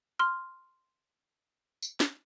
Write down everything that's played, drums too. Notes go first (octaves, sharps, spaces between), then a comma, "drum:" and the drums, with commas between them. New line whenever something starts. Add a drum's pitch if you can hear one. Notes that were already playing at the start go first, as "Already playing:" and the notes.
C6 F6
drum: tambourine
drum: snare